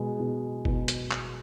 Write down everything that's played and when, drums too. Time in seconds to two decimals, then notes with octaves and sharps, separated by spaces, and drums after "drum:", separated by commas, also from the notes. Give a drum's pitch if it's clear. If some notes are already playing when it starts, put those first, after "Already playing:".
Already playing: B2 G#3
0.20 B2
0.65 B2, drum: kick F#1
0.88 drum: hi-hat
1.11 drum: clap